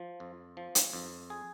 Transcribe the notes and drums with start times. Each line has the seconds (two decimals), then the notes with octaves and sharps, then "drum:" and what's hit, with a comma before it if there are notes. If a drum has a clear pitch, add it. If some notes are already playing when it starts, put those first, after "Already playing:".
Already playing: F3
0.20 F2
0.57 F3
0.75 drum: hi-hat
0.93 F2
1.30 G#4